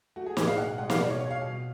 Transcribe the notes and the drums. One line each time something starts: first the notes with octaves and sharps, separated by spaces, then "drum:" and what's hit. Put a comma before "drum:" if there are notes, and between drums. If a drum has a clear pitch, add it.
A3 F#4
G#4
A2 G#4, drum: snare
F5
B2 F#5
G#3 F#5
F5, drum: snare
B2 D5
C#5
B2 C#5
F5
B2